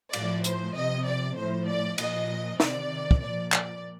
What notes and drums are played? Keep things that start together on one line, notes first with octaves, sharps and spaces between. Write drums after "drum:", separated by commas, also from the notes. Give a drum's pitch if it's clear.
A2 F3 D5, drum: cymbal
C5, drum: hi-hat
C3 F3 D#5
D5
A2 F3 C5
D5
A#2 F3 D#5, drum: cymbal
C3 D#3 D5, drum: snare
drum: kick
A#2 F3 D5
D5, drum: clap